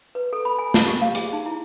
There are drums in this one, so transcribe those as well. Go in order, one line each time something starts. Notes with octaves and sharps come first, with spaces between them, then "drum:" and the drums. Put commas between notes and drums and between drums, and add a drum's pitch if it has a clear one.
B4
A4
B5
G#5
A5, drum: snare
G4
F5
G#4, drum: hi-hat
D#4
E4